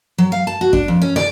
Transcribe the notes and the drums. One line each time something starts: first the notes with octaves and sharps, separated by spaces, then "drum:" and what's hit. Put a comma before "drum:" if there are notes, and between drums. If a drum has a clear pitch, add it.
F#3
F5
A5
F#4
D4, drum: kick G#1
F2
C#4
D5, drum: snare